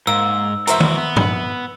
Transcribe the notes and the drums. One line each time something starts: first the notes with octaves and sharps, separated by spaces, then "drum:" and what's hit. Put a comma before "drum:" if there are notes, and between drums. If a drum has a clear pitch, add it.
G#2 A#3 E6
E3 F#4 A#4 C5 E5, drum: hi-hat
drum: tom D#3
B3
drum: tom